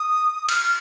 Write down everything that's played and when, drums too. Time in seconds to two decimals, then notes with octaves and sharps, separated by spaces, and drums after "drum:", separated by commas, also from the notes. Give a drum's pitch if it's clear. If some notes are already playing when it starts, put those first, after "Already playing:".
Already playing: D#6
0.49 F6, drum: cymbal